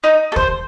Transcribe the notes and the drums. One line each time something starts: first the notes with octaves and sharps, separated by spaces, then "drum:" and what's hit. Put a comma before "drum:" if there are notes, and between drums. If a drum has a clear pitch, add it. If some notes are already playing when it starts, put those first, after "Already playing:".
D#4
A4
C5, drum: kick